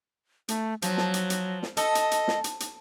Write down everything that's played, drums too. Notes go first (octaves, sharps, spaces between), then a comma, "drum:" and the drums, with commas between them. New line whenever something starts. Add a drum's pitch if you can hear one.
A3, drum: hi-hat
F3 F#3, drum: hi-hat
drum: snare
drum: hi-hat
drum: hi-hat
drum: snare
A4 D#5, drum: hi-hat
drum: hi-hat
drum: hi-hat
drum: snare
drum: hi-hat
drum: hi-hat